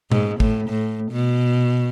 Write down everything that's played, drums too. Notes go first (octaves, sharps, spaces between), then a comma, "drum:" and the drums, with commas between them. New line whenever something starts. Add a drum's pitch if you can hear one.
G#2, drum: tom A#2
A2, drum: kick
A2
B2